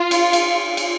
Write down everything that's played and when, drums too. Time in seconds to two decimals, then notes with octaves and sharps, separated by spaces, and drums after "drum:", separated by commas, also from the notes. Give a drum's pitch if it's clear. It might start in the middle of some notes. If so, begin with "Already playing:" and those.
Already playing: F4
0.11 drum: cymbal
0.33 drum: cymbal
0.77 drum: cymbal